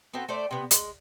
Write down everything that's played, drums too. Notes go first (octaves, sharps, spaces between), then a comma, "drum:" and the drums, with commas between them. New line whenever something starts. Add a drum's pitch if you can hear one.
B3 C4 F#4 A4
A3 A4 C5 D5
C3 B3
G#3, drum: hi-hat